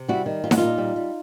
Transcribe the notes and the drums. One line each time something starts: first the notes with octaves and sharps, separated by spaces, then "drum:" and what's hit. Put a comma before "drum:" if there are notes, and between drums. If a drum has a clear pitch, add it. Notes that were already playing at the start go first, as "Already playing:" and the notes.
Already playing: C3
G3 E4 F#4
D#3
G3 F4
F#4, drum: snare D#4
A#2 D#4 F4
G3
G3